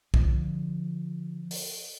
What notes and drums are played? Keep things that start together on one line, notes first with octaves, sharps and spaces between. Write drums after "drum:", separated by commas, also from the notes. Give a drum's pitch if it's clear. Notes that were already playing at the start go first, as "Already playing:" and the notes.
D3 F3, drum: kick
drum: open hi-hat